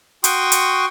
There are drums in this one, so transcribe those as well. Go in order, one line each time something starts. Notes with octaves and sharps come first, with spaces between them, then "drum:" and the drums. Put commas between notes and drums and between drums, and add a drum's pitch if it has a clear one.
F#4 G5 C6 C#6 D#6, drum: hi-hat
drum: hi-hat